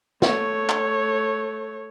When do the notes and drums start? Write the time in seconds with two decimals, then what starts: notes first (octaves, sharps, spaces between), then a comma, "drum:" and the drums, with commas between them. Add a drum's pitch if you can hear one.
0.22 A3 C#5, drum: snare
0.69 drum: clap